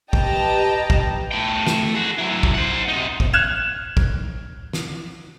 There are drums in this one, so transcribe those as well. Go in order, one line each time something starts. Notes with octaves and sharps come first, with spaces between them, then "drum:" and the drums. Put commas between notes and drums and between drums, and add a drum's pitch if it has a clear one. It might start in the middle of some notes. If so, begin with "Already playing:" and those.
G4 B4 D#5 G5 A5 A#5, drum: kick
drum: kick
A3 G5
drum: snare
F#4 G#4
F#3 E4
drum: kick
C5 F#5
C3 D#4
drum: kick
F6 F#6 G#6 E7
drum: kick
drum: snare